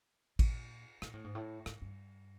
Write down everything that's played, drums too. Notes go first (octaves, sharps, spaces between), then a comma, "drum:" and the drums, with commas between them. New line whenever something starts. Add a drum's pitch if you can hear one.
A#2, drum: kick A1, cymbal
A#2, drum: rim click
A2
G#2
A2
G#2, drum: rim click
G2